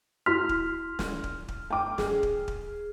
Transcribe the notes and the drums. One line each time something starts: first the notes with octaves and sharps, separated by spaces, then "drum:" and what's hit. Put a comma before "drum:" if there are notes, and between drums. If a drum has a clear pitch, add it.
E4 F#4 C6 F6 B6
drum: kick
drum: snare
drum: kick
drum: kick
G5 D6
G#4, drum: snare
drum: kick
drum: kick